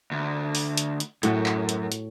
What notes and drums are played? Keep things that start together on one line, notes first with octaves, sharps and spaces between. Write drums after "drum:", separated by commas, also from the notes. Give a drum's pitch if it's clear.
D2
drum: open hi-hat
drum: hi-hat
drum: hi-hat
F#2 A2 F#4 G5, drum: hi-hat
drum: clap
drum: hi-hat
drum: hi-hat